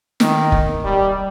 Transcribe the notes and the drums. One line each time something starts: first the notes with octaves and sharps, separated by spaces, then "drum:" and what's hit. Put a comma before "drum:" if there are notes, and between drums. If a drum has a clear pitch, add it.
D#3, drum: snare
drum: kick
G3